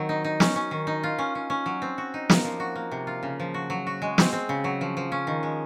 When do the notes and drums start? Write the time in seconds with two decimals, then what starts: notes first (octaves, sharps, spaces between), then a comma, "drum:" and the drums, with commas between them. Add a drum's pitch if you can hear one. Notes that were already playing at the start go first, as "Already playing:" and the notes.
Already playing: D#3 F#3 C4
0.09 D#4
0.24 D#4
0.40 C#4, drum: snare
0.56 C#4
0.71 D#3
0.87 D#4
1.04 F4
1.19 C#4
1.35 C#4
1.50 C#4
1.66 F#3
1.82 C4
1.98 F#4
2.14 D#4
2.30 A#3, drum: snare
2.45 F3
2.60 F#4
2.76 A#3
2.92 C3
3.07 F4
3.23 C#3
3.40 F3
3.54 F#4
3.70 F#3
3.87 F#4
4.02 G#3
4.18 C4, drum: snare
4.33 C4
4.49 C#3
4.64 F#3
4.81 F3
4.97 F3
5.12 C#4
5.27 D#3
5.43 G#3